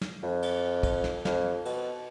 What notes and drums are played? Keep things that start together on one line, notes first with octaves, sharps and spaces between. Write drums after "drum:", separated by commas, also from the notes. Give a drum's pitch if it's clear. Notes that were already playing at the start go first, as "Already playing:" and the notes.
drum: snare
F2
drum: cymbal
drum: kick, cymbal
drum: snare
F2, drum: snare
B2, drum: cymbal